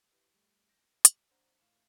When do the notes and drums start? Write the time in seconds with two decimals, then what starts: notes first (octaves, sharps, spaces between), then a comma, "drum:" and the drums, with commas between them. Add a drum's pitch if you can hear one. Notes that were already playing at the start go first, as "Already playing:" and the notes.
0.12 E4 G4 B4
0.34 G3 A3
0.68 G6 A#6 D7
1.05 D6, drum: hi-hat
1.31 D4 C5 F#5 A#5
1.61 A2 F5 E7